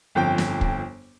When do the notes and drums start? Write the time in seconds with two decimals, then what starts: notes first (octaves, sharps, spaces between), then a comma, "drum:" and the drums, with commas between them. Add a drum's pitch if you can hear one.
0.15 G1 F2 G5
0.38 drum: snare
0.61 drum: kick